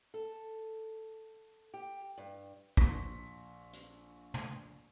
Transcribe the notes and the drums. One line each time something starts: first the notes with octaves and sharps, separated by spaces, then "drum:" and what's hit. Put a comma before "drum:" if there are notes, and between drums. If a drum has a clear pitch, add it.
A4
G4
G2
A#1 C6 C#6 A#6 B6, drum: kick
drum: hi-hat
drum: tom